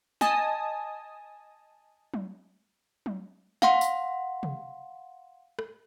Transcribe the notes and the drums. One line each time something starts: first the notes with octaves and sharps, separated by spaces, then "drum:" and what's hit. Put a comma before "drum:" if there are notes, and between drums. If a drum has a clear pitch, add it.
D#5 G#5 A5 D#6, drum: snare
drum: tom F#3
drum: tom F#3
F5 F#5 C6, drum: snare
drum: tambourine
drum: tom C3
drum: rim click